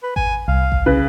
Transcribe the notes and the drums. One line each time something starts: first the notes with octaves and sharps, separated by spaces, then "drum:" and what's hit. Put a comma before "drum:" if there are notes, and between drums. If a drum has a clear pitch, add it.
B4
G#5, drum: kick G#1
C2 F5
drum: kick G#1
C#3 B4